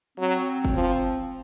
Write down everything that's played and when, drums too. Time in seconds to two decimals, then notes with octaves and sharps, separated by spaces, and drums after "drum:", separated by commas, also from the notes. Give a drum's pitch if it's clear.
0.18 F#3 C4
0.65 drum: kick
0.75 F3